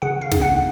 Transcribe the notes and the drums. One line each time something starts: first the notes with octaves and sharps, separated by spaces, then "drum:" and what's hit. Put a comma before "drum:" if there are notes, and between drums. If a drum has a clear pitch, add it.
C#3 F#5
F5
C#3, drum: snare
F#5